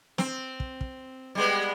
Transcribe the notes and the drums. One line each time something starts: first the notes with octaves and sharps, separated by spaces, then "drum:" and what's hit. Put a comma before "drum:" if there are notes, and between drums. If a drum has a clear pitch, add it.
C4, drum: snare
drum: kick
drum: kick
G3 G#3 B3